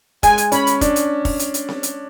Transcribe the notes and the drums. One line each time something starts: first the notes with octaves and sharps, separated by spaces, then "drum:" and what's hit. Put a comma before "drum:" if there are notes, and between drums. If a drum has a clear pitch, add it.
G#3 G#5, drum: kick, hi-hat
drum: hi-hat
C#4 B5, drum: hi-hat
drum: hi-hat
D4, drum: kick, hi-hat
drum: hi-hat
drum: kick, open hi-hat
drum: hi-hat
drum: hi-hat
drum: snare C4
drum: hi-hat